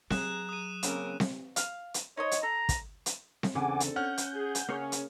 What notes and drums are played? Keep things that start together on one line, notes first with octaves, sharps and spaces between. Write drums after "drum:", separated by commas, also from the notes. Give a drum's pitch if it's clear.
F#3 G#4 A#5 F#6 E7, drum: snare C4
D#6 D#7
C#3 A#3 C4 A#4, drum: hi-hat
drum: snare C4
F5, drum: hi-hat
drum: hi-hat
D#4 C5 C#5 D#5
drum: hi-hat
A4 A#5
drum: kick, hi-hat
drum: hi-hat
drum: snare C4
E2 C#3 C4 D4 A4 F#5 G#5 D6
drum: hi-hat
C#4 F#5 F6 G6
drum: hi-hat
G#4
drum: hi-hat
C#3 A#3 C#4 G#4 C#5
drum: hi-hat